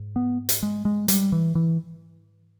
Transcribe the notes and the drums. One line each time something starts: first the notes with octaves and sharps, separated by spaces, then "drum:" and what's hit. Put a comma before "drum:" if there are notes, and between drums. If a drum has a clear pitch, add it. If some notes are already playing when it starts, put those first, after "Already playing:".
Already playing: G#2
B3
drum: hi-hat
G#3
G#3
G3, drum: hi-hat
E3
E3